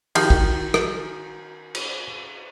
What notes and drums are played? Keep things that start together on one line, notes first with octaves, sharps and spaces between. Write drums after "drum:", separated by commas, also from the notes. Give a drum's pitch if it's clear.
D#3 F3 G4 F5 G5 G6, drum: cymbal
drum: kick
drum: rim click
drum: cymbal